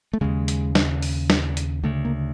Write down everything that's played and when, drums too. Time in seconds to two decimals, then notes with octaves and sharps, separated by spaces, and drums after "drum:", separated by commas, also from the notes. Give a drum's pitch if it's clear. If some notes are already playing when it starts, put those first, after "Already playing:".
0.13 A3
0.21 D#2 C#3 G#3
0.48 drum: hi-hat
0.75 drum: snare
1.02 drum: open hi-hat
1.30 drum: snare
1.57 drum: hi-hat
1.83 D2 C#3 A3
2.05 A#3